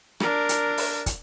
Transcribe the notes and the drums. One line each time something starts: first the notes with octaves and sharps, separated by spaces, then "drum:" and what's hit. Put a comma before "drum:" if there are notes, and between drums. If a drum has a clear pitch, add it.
D4 A#4, drum: rim click
drum: hi-hat
drum: open hi-hat
drum: kick, hi-hat